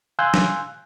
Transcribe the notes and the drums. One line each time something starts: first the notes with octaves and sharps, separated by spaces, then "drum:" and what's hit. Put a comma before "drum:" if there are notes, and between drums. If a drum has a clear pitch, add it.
F5 G#5 C6 E6 F#6 G6
drum: snare